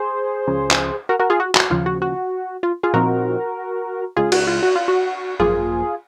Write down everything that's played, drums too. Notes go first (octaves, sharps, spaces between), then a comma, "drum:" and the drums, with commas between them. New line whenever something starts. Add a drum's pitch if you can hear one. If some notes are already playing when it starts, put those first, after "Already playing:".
Already playing: G#4 C5
C#2 C#3 F3
drum: clap
F#4 A#4
F#4 A#4
F4 G#4
F#4
F#4, drum: clap
D#2 C#3 F3 F4
F#4
F#4
F4
F4 G#4
A#2 F3 C4 D#4 F#4 A#4
C#2 C#3 G#3 F4 G#4
F#4, drum: cymbal
F4
F#4
F4
F#4
G#1 F#2 F3 A#3 F4 G#4